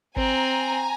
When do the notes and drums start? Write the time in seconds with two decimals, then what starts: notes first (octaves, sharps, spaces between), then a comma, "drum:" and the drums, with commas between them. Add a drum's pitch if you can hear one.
0.16 C4 G#5 A#5, drum: kick G#1